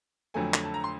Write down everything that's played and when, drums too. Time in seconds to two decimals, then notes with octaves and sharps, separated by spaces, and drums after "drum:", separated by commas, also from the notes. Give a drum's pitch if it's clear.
0.34 F2 D3 F#3 A3 G#5
0.54 drum: clap
0.64 A5
0.74 A#5
0.84 C6